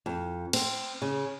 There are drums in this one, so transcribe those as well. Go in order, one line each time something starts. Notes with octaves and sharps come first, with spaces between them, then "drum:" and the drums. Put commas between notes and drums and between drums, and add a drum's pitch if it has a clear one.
F2
C4, drum: cymbal
C#3